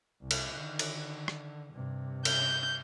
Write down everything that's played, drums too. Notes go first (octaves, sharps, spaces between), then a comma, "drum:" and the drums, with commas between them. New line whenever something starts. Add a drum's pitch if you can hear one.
C2
drum: cymbal
D3 D#3
drum: cymbal
drum: rim click
G2 C3
G6, drum: cymbal